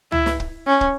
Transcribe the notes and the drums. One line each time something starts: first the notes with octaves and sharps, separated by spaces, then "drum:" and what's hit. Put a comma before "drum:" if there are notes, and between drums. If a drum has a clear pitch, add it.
E4, drum: tom
drum: snare
drum: kick
C#4
drum: kick